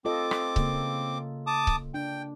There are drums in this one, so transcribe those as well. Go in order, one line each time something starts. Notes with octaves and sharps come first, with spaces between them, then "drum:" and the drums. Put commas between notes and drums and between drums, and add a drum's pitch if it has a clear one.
C4 F4 A4 D#5 D6
drum: rim click
C#3 A#3, drum: kick C#1
A5 D6 D#6
drum: kick C#1
D4 G5